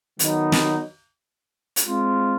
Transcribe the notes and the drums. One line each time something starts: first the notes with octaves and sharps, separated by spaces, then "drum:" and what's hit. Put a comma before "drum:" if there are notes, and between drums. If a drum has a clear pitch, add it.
D#3 F#3 B3 D#4, drum: hi-hat
drum: snare
drum: hi-hat
G#3 C4 F4